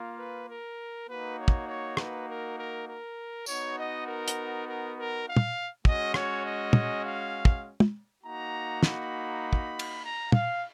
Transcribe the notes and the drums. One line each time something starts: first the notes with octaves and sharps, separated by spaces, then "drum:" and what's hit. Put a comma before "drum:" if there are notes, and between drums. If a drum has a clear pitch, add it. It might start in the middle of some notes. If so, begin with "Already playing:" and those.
Already playing: A#3 F4
B4
A#4
A#3 D#4 F#4 B4
C#5
drum: kick
C#5
B4, drum: rim click
A#4
A#4
A#4
B3 D#4 F#4 C#5, drum: tambourine
D#5
A#4
drum: hi-hat
A#4
A#4
F5
drum: tom
G#3 C#4 F#4 D#5, drum: kick
C#5, drum: rim click
D#5
drum: tom
F5
drum: kick
drum: tom
A#3 D#4 F#4 A#5
B5, drum: snare
drum: kick
drum: cymbal
A#5
F5, drum: tom